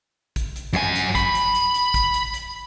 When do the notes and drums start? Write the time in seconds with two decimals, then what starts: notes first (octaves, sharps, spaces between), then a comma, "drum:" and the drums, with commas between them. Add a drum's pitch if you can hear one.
0.36 drum: kick, hi-hat
0.56 drum: hi-hat
0.73 F#2 G#5, drum: hi-hat
0.95 drum: hi-hat
1.15 B5, drum: kick, hi-hat
1.35 drum: hi-hat
1.55 drum: hi-hat
1.74 drum: hi-hat
1.94 drum: kick, hi-hat
2.14 drum: hi-hat
2.34 drum: hi-hat